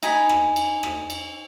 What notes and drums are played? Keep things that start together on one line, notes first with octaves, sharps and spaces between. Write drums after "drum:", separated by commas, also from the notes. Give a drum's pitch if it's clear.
D#4 G#5 B5, drum: cymbal
drum: rim click
drum: cymbal
drum: rim click
drum: cymbal